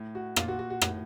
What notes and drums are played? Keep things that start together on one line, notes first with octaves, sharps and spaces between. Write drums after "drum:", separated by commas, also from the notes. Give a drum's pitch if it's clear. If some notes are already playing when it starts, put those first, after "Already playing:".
Already playing: A2
F#4
A#2 F4, drum: rim click
F#4
F#4
F#4
A2, drum: rim click